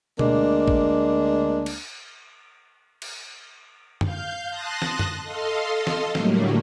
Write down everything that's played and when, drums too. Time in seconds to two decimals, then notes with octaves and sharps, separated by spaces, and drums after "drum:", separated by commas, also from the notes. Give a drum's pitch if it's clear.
0.19 D2 G#3 A#3 D4, drum: tom B2
0.68 drum: kick A1
1.66 drum: cymbal
3.02 drum: cymbal
4.01 F5 G6, drum: tom F#2
4.50 A5 C6 D#6 F#6 A#6
4.82 drum: snare
4.99 drum: tom F#2
5.23 A4 D#5 F5 C6
5.87 drum: snare
6.15 A2 D3 F#3 G3 A3 A#3, drum: snare